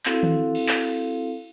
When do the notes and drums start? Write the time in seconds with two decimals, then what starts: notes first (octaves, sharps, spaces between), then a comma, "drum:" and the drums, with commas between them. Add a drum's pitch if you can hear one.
0.06 C4 E4 F#4 A4 F5, drum: clap
0.23 drum: tom D#3
0.55 drum: cymbal
0.69 drum: clap